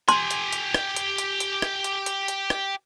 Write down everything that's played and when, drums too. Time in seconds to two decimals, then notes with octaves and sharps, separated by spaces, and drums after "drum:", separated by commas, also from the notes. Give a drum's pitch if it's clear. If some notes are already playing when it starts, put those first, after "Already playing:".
0.09 G4 G#5 C6, drum: hi-hat
0.31 drum: hi-hat
0.52 drum: hi-hat
0.74 drum: rim click
0.96 drum: hi-hat
1.18 drum: hi-hat
1.40 drum: hi-hat
1.62 drum: rim click
1.84 drum: hi-hat
2.06 drum: hi-hat
2.28 drum: hi-hat
2.50 drum: rim click